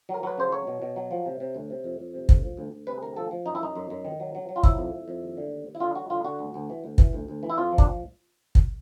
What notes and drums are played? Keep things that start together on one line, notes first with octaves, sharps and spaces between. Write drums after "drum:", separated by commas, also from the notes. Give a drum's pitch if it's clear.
F#3
A#4
F#3 B4
C#3 C5
F#3 C#5
B2
B2
F#3
F3
C3
C3
D2
C3
F2
F2
C3
D2, drum: kick
F3
D2
D2
C3 B4
D2 A#4
F3 A4
F3
F#2 D#4
E4
F#2 D#4
F#2
F#2
D#3
F#3
F#3
F#3
F4
F3 E4, drum: kick
F2
F2
F2
D#2
D3
D#2
D#2
E4
D3 F4
F#3 F#4
D3 F4
D3 F#4
D2
D2
E3
D2
E3, drum: kick
D2
D2
E3
E4
F2 F4
F3
D4, drum: kick
drum: kick